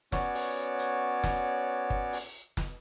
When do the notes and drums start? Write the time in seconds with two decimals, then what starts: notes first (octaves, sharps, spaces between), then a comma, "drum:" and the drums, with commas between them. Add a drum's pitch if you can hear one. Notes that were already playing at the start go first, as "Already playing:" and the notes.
0.12 B3 C#4 F#4 C#5 D5, drum: snare
0.35 drum: open hi-hat
0.79 drum: hi-hat
1.24 drum: snare
1.90 drum: kick
2.13 drum: open hi-hat
2.57 drum: snare